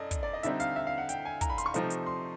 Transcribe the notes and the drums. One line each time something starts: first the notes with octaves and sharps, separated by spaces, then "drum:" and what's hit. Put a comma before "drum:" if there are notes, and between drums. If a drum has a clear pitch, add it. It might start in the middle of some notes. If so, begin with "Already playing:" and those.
Already playing: F#2 A4 D5 D#5
drum: kick, hi-hat
D5
D#5
D3 G3 C4 D#4 E5, drum: hi-hat
F5, drum: hi-hat
E5
F5
F#5
G5, drum: hi-hat
G#5
A#5, drum: kick, hi-hat
B5
C6, drum: hi-hat
C#6
C3 F3 A3 C4 D#4, drum: hi-hat
drum: hi-hat
C6